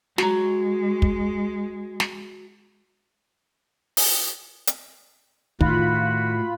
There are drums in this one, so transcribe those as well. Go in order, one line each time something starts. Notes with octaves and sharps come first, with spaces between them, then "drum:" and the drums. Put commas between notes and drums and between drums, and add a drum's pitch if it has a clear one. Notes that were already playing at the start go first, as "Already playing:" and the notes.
G#3 F#4 A#5, drum: snare
drum: kick
drum: snare
drum: open hi-hat
drum: hi-hat
A2 D#3 F4 F#4 B5, drum: kick